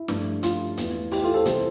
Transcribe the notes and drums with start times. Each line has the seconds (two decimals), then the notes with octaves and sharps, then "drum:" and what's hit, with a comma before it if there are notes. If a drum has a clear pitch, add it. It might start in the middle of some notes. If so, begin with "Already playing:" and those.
Already playing: E4
0.08 G2 F3 A3, drum: snare
0.43 F4, drum: hi-hat
0.77 E2 E3 A3, drum: hi-hat
1.11 E4 G4, drum: open hi-hat
1.24 F4 A4
1.34 A4 C5
1.46 C3 E3 G3 A4 C5, drum: hi-hat